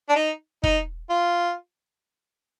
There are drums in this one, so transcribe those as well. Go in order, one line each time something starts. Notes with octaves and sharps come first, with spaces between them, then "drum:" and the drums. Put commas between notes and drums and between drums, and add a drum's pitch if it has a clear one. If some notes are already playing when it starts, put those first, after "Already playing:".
D4
D#4
D#4, drum: kick
F4